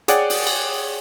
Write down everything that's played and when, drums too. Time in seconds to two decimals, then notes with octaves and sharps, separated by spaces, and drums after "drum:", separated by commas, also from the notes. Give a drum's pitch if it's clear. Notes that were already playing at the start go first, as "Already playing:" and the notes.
0.08 G#4 C#5 D5 F#5 G5, drum: hi-hat
0.30 drum: open hi-hat
0.47 drum: cymbal